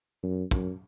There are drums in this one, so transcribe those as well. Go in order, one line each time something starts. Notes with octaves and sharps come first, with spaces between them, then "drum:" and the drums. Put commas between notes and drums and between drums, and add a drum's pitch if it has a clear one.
F#2
F#2, drum: kick